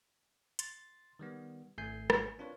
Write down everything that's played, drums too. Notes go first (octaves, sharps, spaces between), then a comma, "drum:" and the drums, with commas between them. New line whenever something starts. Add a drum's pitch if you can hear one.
C6 A6, drum: hi-hat
D#3 G3 B3
G#1 A3 G#5 G6 C7
drum: rim click
C4 D4 F4 A#4 B4 C#5